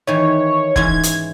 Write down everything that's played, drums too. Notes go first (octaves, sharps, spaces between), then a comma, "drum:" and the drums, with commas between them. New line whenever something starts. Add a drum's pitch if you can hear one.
D#3 E3 C#5
G#2 E3 C#4 G#6, drum: kick
drum: hi-hat